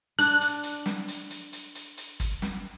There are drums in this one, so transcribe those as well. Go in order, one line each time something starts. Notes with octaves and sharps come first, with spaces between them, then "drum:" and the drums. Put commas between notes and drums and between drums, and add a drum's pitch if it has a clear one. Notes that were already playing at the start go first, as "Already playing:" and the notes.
D4 F#6, drum: hi-hat
drum: hi-hat
drum: hi-hat
drum: snare
drum: hi-hat
drum: hi-hat
drum: hi-hat
drum: hi-hat
drum: hi-hat
drum: kick, hi-hat
drum: snare